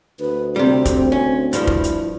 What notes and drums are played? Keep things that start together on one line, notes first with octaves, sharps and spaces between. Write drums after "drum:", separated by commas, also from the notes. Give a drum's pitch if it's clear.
D2 B4
C3 G3 C4
drum: kick, hi-hat
C#4
G2 F3 E4, drum: hi-hat
drum: kick
drum: hi-hat